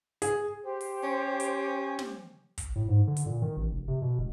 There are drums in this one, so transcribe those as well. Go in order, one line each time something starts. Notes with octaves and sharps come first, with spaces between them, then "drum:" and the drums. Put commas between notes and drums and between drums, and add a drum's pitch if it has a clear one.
G#4, drum: hi-hat
G4 C5
drum: open hi-hat
C#4
drum: hi-hat
drum: snare
drum: kick, hi-hat
A2
G#2
D3
drum: hi-hat
A#2
D#3
A1
F1
C3
B2
E1